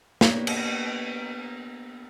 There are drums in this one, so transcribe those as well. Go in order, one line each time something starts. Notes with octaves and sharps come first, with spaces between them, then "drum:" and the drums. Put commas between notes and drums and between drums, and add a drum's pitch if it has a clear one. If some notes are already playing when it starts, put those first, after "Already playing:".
A#3 B3 D4 G4 C#5, drum: snare
drum: cymbal